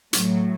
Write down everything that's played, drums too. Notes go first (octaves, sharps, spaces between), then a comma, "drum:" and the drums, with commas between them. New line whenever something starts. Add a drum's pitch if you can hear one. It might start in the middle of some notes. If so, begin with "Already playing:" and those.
A2 F#3, drum: hi-hat